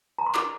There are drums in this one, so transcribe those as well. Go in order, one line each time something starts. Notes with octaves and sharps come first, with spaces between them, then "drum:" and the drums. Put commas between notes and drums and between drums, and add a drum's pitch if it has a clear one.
A#5
C6
E4 G4 A#4 D6, drum: clap